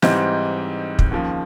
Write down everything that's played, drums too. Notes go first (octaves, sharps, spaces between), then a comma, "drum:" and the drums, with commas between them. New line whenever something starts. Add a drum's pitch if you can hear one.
G#2 E3 G3 C4 D#4, drum: snare
drum: kick
D#2 C#3 F3